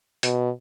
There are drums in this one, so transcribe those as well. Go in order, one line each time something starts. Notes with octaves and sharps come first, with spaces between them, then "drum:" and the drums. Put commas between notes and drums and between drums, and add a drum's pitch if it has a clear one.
B2, drum: hi-hat